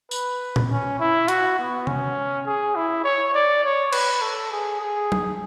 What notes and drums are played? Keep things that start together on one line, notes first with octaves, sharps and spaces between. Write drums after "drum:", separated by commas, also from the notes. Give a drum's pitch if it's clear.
B4, drum: tambourine
drum: tom A#2
C#4
E4
F#4, drum: hi-hat
B3
C#4, drum: tom C3
G#4
E4
C#5
D5
C#5
B4, drum: cymbal
A4
G#4
G#4
drum: tom F#3